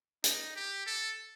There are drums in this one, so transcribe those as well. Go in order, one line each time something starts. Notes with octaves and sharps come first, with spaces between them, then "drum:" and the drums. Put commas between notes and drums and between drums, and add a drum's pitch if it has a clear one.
D#4, drum: hi-hat
G4
A4